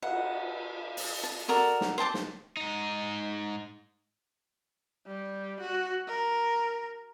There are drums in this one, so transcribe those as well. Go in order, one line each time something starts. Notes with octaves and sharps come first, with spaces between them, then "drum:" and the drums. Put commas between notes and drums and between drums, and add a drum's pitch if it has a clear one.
F#5, drum: cymbal
drum: open hi-hat
A5
F#4 A4 A#4 D5
drum: snare
C5 G5 A5 D6
drum: snare
G#2 D#4
G3
F#4
A#4